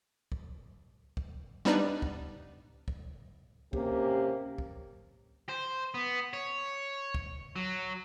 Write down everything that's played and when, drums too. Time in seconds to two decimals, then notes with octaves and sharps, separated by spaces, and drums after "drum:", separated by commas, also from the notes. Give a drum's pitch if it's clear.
0.32 drum: kick
1.17 drum: kick
1.65 G3 B3 D4 D#4 B4 D5
2.02 drum: kick
2.88 drum: kick
3.73 C3 A#3 C#4 G4, drum: kick
4.58 drum: kick
5.49 C5
5.94 B3
6.33 C#5
7.15 drum: kick
7.56 F#3